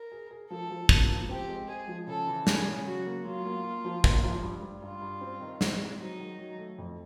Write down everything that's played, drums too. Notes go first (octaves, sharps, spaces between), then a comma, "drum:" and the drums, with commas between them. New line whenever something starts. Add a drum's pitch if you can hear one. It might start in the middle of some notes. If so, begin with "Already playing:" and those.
Already playing: A#4
G#4
G#4
F3 A4
F3
A#3, drum: kick
F3
C4 G4
G#3
G#3 G#4
F3
C#3 A4
E3
C#3 G#4, drum: snare
C#3
F#3 F#4
A#3
F#3 F4
A#3
A#3
F3
A#3, drum: kick
F3
G2
G2
G2 F4
G2
C4
D#3
C4, drum: snare
G#3
F#3 D#4
D#3
F#3
A3
F2